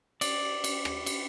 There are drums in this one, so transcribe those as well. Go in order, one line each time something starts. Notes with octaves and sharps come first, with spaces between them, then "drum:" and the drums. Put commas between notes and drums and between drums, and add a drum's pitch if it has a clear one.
D5, drum: cymbal
drum: cymbal
drum: rim click
drum: cymbal